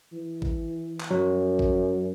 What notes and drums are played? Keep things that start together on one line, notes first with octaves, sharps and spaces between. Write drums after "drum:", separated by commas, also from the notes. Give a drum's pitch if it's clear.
E3
drum: kick G#1
drum: clap
F#2 F#3
drum: kick G#1